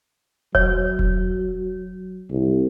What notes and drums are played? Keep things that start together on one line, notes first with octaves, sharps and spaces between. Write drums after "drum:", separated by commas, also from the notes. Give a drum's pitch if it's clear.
F#3 C#5, drum: kick E1
drum: kick E1
C2